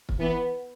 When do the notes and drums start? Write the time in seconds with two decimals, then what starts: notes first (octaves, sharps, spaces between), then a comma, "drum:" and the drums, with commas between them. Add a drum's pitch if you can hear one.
0.09 drum: kick
0.19 E3 B3